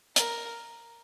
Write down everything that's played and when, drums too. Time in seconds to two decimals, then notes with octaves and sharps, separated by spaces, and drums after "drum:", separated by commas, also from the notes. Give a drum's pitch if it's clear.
0.16 A#4, drum: hi-hat